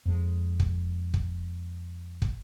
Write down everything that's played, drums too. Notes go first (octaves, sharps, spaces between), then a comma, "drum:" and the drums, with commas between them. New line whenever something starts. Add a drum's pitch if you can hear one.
F2 G#3
drum: kick
drum: kick
drum: kick